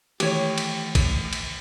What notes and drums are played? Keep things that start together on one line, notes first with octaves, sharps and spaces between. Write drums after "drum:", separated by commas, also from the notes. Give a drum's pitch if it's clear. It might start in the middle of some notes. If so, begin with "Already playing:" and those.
D#3 E3 A3 G4 C#5, drum: cymbal
drum: cymbal
drum: kick, cymbal
drum: cymbal